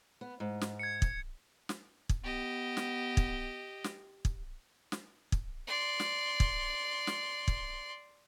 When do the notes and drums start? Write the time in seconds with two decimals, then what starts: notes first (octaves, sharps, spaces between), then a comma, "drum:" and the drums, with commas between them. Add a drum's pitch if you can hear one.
0.21 B3
0.40 G#2
0.61 drum: snare
0.79 G#6 C#7
1.02 drum: kick
1.69 drum: snare
2.09 drum: kick
2.23 B3 G4 D#5
2.77 drum: snare
3.17 drum: kick
3.84 drum: snare
4.25 drum: kick
4.92 drum: snare
5.32 drum: kick
5.67 D5 C6
6.00 drum: snare
6.40 drum: kick
7.07 drum: snare
7.48 drum: kick